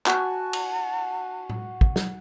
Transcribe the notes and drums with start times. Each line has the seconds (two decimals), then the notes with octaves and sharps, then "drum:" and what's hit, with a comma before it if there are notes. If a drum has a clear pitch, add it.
0.06 F#4 G#5 A5, drum: clap
0.53 drum: cymbal
1.50 drum: tom A2
1.81 drum: kick
1.96 drum: snare